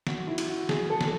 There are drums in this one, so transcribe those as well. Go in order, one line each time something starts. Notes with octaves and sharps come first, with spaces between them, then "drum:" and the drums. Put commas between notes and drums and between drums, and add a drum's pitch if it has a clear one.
F#4, drum: snare
E4
drum: cymbal
F#4
G#4, drum: snare
A4
drum: snare